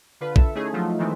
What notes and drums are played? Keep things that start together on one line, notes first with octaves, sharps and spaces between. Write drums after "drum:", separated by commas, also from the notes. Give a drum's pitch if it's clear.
D3 F4 B4
A4 E5, drum: kick A#1
A3 C#4 D#4 E4 G#4
F3 F#3 A3 D#4 F4
D#3 E3 G#3 A3 B3 C4